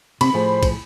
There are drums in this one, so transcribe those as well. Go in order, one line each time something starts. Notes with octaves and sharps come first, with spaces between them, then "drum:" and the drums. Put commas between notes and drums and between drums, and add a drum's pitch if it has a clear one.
C3 C4 B5, drum: cymbal
A2 F3 G#4 C5
drum: kick, cymbal